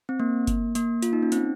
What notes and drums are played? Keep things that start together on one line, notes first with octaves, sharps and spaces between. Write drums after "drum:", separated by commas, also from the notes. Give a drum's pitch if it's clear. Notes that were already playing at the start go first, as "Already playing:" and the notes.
C4
A#3
drum: kick G1, hi-hat
A#3, drum: hi-hat
F4, drum: hi-hat
D#4
C#4
C4, drum: hi-hat